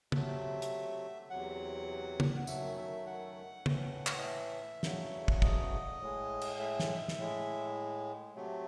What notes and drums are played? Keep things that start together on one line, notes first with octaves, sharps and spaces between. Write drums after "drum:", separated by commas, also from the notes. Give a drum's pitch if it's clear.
C3 F#3 A3 E5, drum: tom
drum: hi-hat
E2 C3 F#3 F#5
drum: tom
F#2 D#3 F#3 A3 E5, drum: tambourine
E5
F#5
A2 E3 A3, drum: tom
drum: clap
D#5
E5
E2 C#3 F#3 A3, drum: snare
drum: kick
D#5, drum: kick
A2 G#3
drum: cymbal
E5
drum: snare
drum: snare
A2 G#3
C3 F#3 A3